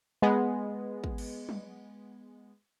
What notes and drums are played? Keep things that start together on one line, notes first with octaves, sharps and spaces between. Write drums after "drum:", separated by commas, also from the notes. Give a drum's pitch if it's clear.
G#3 B3
drum: kick
drum: cymbal
drum: tom F#3